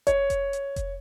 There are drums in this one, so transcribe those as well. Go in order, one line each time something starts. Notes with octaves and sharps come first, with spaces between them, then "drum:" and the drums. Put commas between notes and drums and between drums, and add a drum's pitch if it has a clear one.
C#5, drum: kick F1, hi-hat
drum: kick F1, hi-hat
drum: hi-hat
drum: kick F1, hi-hat